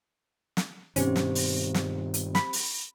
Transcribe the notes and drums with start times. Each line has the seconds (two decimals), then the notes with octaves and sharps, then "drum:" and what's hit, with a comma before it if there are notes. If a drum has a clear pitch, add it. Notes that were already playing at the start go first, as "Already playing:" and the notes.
0.57 drum: snare
0.96 G2 B2 D#3 C4 C#4 G4 C5, drum: hi-hat
1.16 drum: snare
1.35 drum: open hi-hat
1.74 drum: snare
2.14 drum: hi-hat
2.35 B5, drum: snare
2.53 drum: open hi-hat